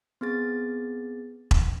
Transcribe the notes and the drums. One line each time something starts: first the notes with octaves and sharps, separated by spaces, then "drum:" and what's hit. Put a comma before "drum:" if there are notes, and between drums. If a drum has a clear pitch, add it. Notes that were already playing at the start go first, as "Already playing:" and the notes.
B3 C4 G#4 A6
drum: kick E1